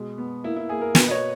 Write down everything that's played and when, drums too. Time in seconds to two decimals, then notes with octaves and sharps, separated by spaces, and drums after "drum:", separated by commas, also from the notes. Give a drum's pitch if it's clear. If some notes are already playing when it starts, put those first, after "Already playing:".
Already playing: B2 G#3
0.18 B3
0.44 A#3 E4
0.56 E4
0.69 A#3 G#4
0.81 A#4
0.95 B2 B4, drum: snare
1.06 D#5
1.11 C#5